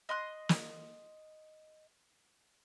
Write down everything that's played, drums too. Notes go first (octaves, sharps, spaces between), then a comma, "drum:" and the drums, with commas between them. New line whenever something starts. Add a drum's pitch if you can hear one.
D#5 C6 F#6
drum: snare